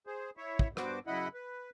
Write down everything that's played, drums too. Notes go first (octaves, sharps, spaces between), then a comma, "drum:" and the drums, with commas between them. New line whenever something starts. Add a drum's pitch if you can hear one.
G#4 C5
E4 C#5 E5
drum: kick
G2 B3 F#4 C5 D6, drum: rim click
F#2 C#3 E4 D#5 F#5 B5
B4